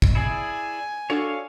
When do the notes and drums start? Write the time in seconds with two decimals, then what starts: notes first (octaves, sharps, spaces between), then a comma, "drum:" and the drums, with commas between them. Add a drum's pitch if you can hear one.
0.02 drum: kick
0.15 E4 G#4 D5 G#5
1.10 D4 F#4 A4 C#5 F5